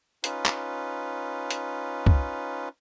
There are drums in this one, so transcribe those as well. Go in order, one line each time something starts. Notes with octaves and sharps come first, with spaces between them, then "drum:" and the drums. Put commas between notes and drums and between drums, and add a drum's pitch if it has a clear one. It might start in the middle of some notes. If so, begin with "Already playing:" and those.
C#4 D#4 F4 B4, drum: hi-hat
drum: clap
drum: hi-hat
drum: kick